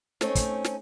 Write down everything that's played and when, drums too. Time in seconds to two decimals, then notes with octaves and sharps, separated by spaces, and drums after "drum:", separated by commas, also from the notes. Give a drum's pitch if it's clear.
0.21 A3 C4 C#4 D#4, drum: snare
0.35 drum: kick, hi-hat
0.64 drum: snare